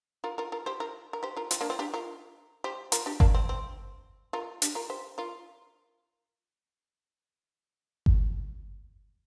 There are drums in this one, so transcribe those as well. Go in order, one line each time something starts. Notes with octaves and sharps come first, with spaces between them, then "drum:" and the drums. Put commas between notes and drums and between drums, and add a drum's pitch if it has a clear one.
F4 A#4
F4 A#4
F4 A#4
G4 C5
F4 A#4
A#4
G4 C5
F4 A#4
C4 F4, drum: hi-hat
A#3 D4
C4 F4
D4 G4
F4 A#4
G4 C5
F4 A#4, drum: hi-hat
D4 G4
A#3 D4, drum: kick G1
C4
C4
F4 A#4
D4 G4, drum: hi-hat
F4 A#4
G4 C5
F4 A#4
drum: kick G1